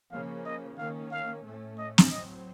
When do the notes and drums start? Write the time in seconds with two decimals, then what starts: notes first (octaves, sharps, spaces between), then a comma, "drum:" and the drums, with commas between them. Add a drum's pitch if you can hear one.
0.11 C#3 F3 A#3 C#4 F5
0.46 D#5
0.78 D#3 A#3 C#4 F5
1.11 F5
1.45 A2 A3 C#4
1.78 D#5
1.98 drum: snare
2.11 A2 F#3 C4 D#5